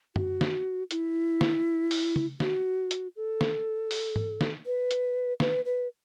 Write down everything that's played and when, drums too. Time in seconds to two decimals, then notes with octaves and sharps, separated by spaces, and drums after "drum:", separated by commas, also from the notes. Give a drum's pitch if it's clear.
0.16 F#4, drum: tom F#2
0.41 drum: snare
0.91 E4, drum: hi-hat
1.41 drum: snare
1.91 drum: open hi-hat
2.16 drum: tom
2.40 F#4, drum: snare
2.91 drum: hi-hat
3.16 A4
3.41 drum: snare
3.91 drum: open hi-hat
4.16 drum: tom G#2
4.41 drum: snare
4.66 B4
4.91 drum: hi-hat
5.40 B4, drum: snare
5.65 B4